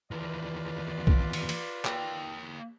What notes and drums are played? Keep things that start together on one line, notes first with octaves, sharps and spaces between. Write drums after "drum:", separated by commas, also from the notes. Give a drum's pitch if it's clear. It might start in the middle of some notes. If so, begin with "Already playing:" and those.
D#2 E3 F4 B4 D5
drum: kick B1
drum: cymbal
drum: cymbal
A#3 G5, drum: clap